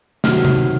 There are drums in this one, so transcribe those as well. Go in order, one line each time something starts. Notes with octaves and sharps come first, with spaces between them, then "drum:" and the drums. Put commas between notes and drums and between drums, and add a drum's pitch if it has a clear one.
C3 D#3 F#3 F6, drum: snare
drum: tom C3